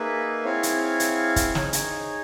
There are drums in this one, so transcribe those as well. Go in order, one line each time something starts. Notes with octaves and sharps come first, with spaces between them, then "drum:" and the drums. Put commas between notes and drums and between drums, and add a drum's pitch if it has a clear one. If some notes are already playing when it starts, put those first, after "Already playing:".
Already playing: A#3 D#4 G#4 B4 E5
C4 E4 G#4 C#5 F5
drum: hi-hat
drum: hi-hat
drum: kick, hi-hat
D#4 G#4 C#5, drum: snare
drum: hi-hat